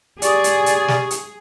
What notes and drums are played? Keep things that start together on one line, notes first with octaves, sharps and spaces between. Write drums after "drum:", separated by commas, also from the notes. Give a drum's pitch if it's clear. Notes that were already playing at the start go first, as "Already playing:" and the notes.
G4 G#4 D5 C#6 D#6, drum: hi-hat
drum: hi-hat
drum: hi-hat
drum: snare
drum: hi-hat